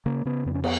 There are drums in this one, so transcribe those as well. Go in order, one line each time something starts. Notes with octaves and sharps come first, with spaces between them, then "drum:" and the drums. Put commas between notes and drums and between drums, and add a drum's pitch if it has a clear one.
C#3 A#3
C#3 B3
F2 B3
C#4
B3, drum: cymbal